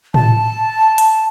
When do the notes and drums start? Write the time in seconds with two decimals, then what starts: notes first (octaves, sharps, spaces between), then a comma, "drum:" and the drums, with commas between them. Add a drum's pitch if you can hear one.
0.14 A5, drum: tom A2
0.98 drum: hi-hat